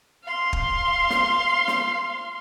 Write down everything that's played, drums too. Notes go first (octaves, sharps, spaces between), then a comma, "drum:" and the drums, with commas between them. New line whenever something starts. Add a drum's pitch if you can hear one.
F5 C6
drum: kick
drum: snare
drum: snare